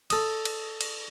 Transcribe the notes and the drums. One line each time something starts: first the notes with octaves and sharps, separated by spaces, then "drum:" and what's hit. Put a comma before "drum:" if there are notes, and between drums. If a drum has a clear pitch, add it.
A4 D#6, drum: cymbal
drum: cymbal
drum: cymbal